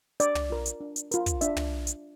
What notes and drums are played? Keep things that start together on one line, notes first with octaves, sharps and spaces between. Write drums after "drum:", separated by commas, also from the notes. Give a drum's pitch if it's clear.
D4 D5, drum: hi-hat
drum: tom
F4 A#4
drum: hi-hat
D4
drum: hi-hat
F4 A#4, drum: hi-hat
drum: kick, hi-hat
D4 E5, drum: hi-hat
drum: tom
drum: hi-hat